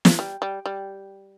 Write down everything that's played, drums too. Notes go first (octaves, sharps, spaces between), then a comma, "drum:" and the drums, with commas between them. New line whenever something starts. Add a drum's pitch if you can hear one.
drum: snare
G3
G3
G3